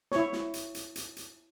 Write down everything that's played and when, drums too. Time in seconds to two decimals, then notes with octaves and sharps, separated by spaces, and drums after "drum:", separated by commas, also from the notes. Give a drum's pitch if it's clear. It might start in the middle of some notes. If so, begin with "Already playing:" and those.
0.12 E4 C#5, drum: snare
0.33 drum: snare
0.54 drum: hi-hat
0.75 drum: hi-hat
0.96 drum: hi-hat
1.17 drum: hi-hat